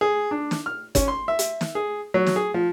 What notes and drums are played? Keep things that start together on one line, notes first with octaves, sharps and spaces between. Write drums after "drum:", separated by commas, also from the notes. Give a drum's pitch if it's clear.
G#4
D4
drum: snare
F6
C#4, drum: kick, hi-hat
C6
E5
drum: hi-hat
drum: snare
G#4
F#3
drum: snare
G#4
F3